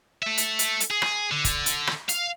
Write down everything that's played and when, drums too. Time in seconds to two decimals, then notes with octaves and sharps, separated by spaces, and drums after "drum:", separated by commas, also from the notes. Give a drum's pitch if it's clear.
0.22 A4 E5
0.38 drum: hi-hat
0.59 drum: hi-hat
0.80 drum: hi-hat
0.90 G#4
1.02 drum: rim click
1.31 D3
1.45 drum: kick, hi-hat
1.66 drum: hi-hat
1.87 drum: rim click
2.09 F5, drum: hi-hat